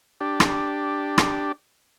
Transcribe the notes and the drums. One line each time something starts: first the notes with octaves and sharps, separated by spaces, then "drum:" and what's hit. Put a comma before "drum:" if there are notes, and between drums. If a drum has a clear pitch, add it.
D4 G4
drum: rim click
drum: rim click